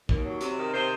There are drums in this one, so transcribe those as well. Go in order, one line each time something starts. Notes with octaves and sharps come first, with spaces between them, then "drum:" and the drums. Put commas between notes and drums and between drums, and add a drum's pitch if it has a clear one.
D#2, drum: kick
F#3
C3, drum: hi-hat
D#3
C3 C5